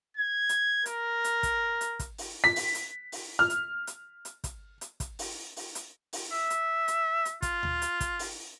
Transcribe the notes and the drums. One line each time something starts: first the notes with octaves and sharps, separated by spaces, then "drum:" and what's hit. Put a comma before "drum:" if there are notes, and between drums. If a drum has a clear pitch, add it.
G#6
drum: hi-hat
A#4, drum: hi-hat
drum: hi-hat
drum: kick, hi-hat
drum: hi-hat
drum: kick, hi-hat
drum: open hi-hat
B6
drum: open hi-hat
drum: hi-hat
drum: open hi-hat
F6
drum: hi-hat
drum: hi-hat
drum: hi-hat
drum: kick, hi-hat
drum: hi-hat
drum: kick, hi-hat
drum: open hi-hat
drum: open hi-hat
drum: hi-hat
drum: open hi-hat
E5
drum: hi-hat
drum: hi-hat
drum: hi-hat
F4, drum: kick, hi-hat
drum: tom D2
drum: hi-hat
drum: kick, hi-hat
drum: open hi-hat